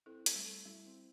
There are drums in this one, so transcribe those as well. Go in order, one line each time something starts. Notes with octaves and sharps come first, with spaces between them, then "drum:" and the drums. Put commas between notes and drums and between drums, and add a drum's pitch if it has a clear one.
C4 E4 A4
A3, drum: hi-hat
G3
A4
G3 E4
C4